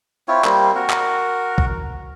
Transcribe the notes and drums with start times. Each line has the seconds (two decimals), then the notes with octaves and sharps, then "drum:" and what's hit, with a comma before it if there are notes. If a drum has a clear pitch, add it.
0.28 C4 E4 F4 C#5
0.44 G3 A#3 C4, drum: clap
0.75 F#4 A#4
0.90 drum: clap
1.58 drum: kick